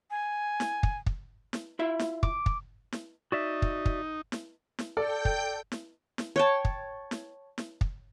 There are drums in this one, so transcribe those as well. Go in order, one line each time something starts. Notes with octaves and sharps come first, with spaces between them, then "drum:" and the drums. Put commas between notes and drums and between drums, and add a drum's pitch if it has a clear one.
G#5
drum: snare
drum: kick
drum: kick
drum: snare
E4 F4 E5
drum: snare
D6, drum: kick
drum: kick
drum: snare
D#4 F#4 D5 E5
drum: kick
drum: kick
drum: snare
drum: snare
A4 D5 G5 G6
drum: kick
drum: snare
drum: snare
C#5 G5 A5
drum: kick
drum: snare
drum: snare
drum: kick